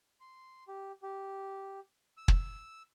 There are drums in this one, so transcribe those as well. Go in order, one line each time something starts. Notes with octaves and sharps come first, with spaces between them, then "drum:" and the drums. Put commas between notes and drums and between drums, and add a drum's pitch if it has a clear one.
C6
G4
G4
E6
drum: kick